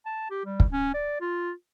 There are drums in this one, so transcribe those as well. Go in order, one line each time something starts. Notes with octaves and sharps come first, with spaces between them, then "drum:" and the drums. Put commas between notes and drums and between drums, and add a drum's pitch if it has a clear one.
A5
G4
G3
drum: kick
C#4
D5
F4